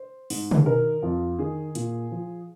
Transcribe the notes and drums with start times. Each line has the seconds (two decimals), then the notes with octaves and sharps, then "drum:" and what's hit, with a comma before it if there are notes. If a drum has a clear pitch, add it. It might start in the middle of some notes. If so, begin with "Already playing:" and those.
Already playing: C5
0.30 G#2, drum: open hi-hat
0.51 drum: tom
0.66 D#3 A#4
1.02 F2 F4
1.39 D#3 G#4
1.75 A#2, drum: hi-hat
2.12 F3